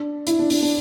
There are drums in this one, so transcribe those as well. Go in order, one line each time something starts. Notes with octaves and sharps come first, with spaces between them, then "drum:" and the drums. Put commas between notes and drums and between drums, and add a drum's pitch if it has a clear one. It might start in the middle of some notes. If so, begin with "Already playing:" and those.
Already playing: D4
E4, drum: hi-hat
D4
D4, drum: open hi-hat
D4